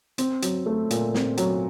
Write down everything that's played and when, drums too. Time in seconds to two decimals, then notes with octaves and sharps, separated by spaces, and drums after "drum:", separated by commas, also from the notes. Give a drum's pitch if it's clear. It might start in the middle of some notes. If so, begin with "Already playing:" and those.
0.18 C4, drum: hi-hat
0.42 F#3, drum: hi-hat
0.66 A3
0.91 A#2, drum: hi-hat
1.14 C4, drum: snare
1.37 F#3, drum: hi-hat